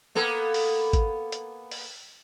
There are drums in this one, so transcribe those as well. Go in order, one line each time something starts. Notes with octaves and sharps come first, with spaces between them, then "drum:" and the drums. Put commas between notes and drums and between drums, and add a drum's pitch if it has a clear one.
A#3 B3 A4
drum: open hi-hat
drum: kick G#1, hi-hat
drum: hi-hat
drum: open hi-hat